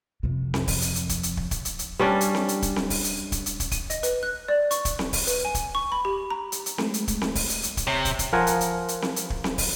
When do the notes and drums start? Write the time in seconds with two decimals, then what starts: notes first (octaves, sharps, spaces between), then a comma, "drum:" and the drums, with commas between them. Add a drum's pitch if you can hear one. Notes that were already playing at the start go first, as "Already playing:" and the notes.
0.23 F2 C3
0.54 drum: snare C4
0.68 drum: kick, open hi-hat
0.82 drum: hi-hat
0.95 drum: hi-hat
1.09 drum: kick, hi-hat
1.23 drum: hi-hat
1.37 drum: kick
1.51 drum: kick, hi-hat
1.65 drum: hi-hat
1.79 drum: hi-hat
1.99 G3 C#4 D4
2.21 drum: hi-hat
2.35 drum: snare C4
2.48 drum: hi-hat
2.62 drum: kick, hi-hat
2.76 drum: snare C4
2.90 drum: kick, open hi-hat
3.04 drum: hi-hat
3.32 drum: kick, hi-hat
3.46 drum: hi-hat
3.60 drum: kick, hi-hat
3.71 D#7, drum: kick, hi-hat
3.90 D#5, drum: hi-hat
4.03 B4, drum: hi-hat
4.23 F#6
4.48 D5
4.71 C#6, drum: hi-hat
4.85 drum: kick, hi-hat
4.99 drum: snare C4
5.13 drum: kick, open hi-hat
5.27 B4, drum: hi-hat
5.45 G#5
5.55 drum: kick, hi-hat
5.75 C#6
5.92 B5
6.05 G4
6.31 A#5
6.52 drum: hi-hat
6.66 drum: hi-hat
6.78 G#3 A3, drum: snare C4
6.94 drum: hi-hat
7.08 drum: kick, hi-hat
7.21 drum: snare C4
7.35 drum: kick, open hi-hat
7.49 drum: hi-hat
7.63 drum: hi-hat
7.77 drum: kick, hi-hat
7.87 C3 C#5
8.05 drum: kick, hi-hat
8.19 drum: kick, hi-hat
8.33 F3 A#4 F#5 G#5
8.47 drum: hi-hat
8.61 drum: hi-hat
8.88 drum: hi-hat
9.02 drum: snare C4
9.16 drum: hi-hat
9.30 drum: kick
9.44 drum: snare C4
9.58 drum: kick, open hi-hat